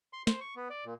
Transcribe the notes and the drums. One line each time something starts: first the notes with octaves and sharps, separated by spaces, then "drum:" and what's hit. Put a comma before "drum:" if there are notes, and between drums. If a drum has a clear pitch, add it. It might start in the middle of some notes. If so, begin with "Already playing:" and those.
C6
C5, drum: snare
C#6
B3
D5
A#2